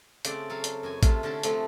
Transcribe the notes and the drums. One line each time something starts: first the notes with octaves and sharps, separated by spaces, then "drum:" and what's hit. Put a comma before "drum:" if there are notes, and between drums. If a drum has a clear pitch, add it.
C#3 A3 C4 D5 F#5, drum: hi-hat
F#3 A4 F5
drum: hi-hat
F#2 F#4 G#5
C3 A3 C#4 F4 A5, drum: kick A1, hi-hat
D3 C#4 A4 A5
C3 F3 A3 C4, drum: hi-hat